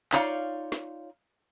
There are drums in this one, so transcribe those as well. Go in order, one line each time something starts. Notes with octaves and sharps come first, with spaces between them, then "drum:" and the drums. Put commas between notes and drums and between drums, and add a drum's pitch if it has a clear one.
D#4 F4 C#5 D5 F5, drum: clap
drum: snare